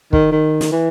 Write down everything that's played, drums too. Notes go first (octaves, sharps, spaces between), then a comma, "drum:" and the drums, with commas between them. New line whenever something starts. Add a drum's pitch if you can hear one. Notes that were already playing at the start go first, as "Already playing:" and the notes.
D#3, drum: kick
D#3
drum: snare
E3